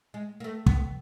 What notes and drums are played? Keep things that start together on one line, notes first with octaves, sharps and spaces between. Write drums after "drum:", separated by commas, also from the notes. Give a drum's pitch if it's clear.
G#3
A#3
A3
B3, drum: kick